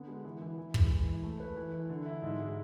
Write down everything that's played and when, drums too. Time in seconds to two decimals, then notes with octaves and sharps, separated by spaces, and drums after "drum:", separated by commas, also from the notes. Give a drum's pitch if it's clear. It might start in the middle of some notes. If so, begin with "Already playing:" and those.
Already playing: D3 B3
0.08 G#3
0.25 E3
0.42 E3
0.58 E3
0.74 G#3, drum: kick
0.91 E3
1.07 E3
1.23 A3
1.40 B4
1.57 E3
1.73 E3
1.89 D3
2.05 E4
2.22 G#2
2.39 G#3